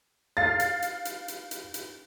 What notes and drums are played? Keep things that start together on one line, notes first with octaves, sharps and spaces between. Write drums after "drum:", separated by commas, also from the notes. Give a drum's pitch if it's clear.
F5 A6
drum: hi-hat
drum: hi-hat
drum: hi-hat
drum: hi-hat
drum: hi-hat
drum: hi-hat